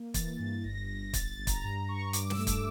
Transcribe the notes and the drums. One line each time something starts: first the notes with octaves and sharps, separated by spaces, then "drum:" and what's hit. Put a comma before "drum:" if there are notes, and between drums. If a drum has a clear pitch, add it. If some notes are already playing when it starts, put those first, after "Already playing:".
Already playing: A#3
E3 A6, drum: kick, hi-hat
G2 A6
A6
G1 A#6
G1 A#6
G1 A6, drum: kick, hi-hat
A6
G1
A#5, drum: kick, hi-hat
G2 A#5
G2 C#6
G2 D6, drum: hi-hat
E6, drum: snare
A3
D6, drum: kick, hi-hat